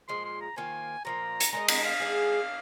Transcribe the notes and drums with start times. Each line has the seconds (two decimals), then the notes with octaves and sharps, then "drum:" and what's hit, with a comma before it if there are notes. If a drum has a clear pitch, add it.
0.08 A#2 F3 G#3 C6
0.25 C6
0.41 A#5
0.56 D#3 A#3 F4 C5 G#5
1.05 A#2 F3 A#3 A#5
1.40 drum: hi-hat
1.52 G#3 D#4 A#4 D#5 A#5
1.68 A#5, drum: cymbal
1.85 F5
2.00 G#3 D#4 G#4